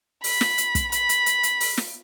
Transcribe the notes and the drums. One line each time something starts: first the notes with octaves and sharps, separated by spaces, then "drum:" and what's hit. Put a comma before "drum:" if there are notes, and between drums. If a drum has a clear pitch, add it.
B5, drum: open hi-hat
drum: snare
drum: hi-hat
drum: kick, hi-hat
B5, drum: hi-hat
drum: hi-hat
drum: hi-hat
drum: hi-hat
drum: open hi-hat
drum: snare